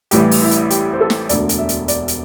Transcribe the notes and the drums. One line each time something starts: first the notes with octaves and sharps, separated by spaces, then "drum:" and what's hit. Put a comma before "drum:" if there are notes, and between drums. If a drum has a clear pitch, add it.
A1 A2 E3 G3 G4, drum: hi-hat
drum: open hi-hat
E4
drum: hi-hat
G4, drum: hi-hat
C5
A4
drum: snare
E1 D2 D3 D5, drum: hi-hat
drum: hi-hat
E5
drum: hi-hat
D5, drum: hi-hat
drum: hi-hat